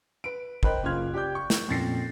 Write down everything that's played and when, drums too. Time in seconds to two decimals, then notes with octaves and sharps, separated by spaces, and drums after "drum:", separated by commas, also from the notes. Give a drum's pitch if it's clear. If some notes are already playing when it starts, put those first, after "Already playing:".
0.24 B4 D7
0.63 A#4 C5 D#5 G5 B5 F#6, drum: kick
0.83 F#1 C#4 F4 C6 F6 G#6
1.13 G4 D5 G5 D6 G6
1.35 C#6
1.50 drum: snare
1.68 F2 A#2 C#4 A6 A#6 C7